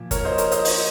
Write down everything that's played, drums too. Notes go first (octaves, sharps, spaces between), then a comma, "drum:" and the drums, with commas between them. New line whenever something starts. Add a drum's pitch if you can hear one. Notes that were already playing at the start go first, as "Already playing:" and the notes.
Already playing: A#2 F3
A#4 C#5, drum: kick F#1, hi-hat
C5 D#5
A#4 C#5, drum: hi-hat
C5 D#5, drum: hi-hat
C5 D#5, drum: open hi-hat